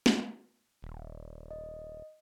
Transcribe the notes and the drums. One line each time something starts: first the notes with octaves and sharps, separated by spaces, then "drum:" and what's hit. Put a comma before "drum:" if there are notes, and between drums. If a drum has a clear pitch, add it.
drum: snare
D#1
D#5